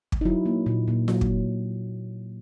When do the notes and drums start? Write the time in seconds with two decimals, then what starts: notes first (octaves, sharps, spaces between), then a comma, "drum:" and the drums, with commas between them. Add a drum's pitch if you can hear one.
0.12 drum: kick
0.21 D#4
0.25 F#3 E4
0.46 A#3
0.66 A#2
0.88 A#2
1.08 F#3, drum: snare F4
1.21 drum: kick